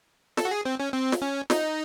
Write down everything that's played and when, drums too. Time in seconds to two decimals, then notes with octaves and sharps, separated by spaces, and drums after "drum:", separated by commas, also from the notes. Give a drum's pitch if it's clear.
0.37 A4, drum: snare
0.45 F#4
0.51 G#4
0.65 C4
0.80 C#4
0.93 C4
1.12 drum: snare
1.22 C#4
1.50 D#4, drum: snare